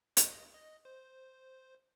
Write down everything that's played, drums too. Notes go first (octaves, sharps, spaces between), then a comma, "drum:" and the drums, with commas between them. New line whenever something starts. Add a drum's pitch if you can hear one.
D5, drum: hi-hat
D#5
D#5
C5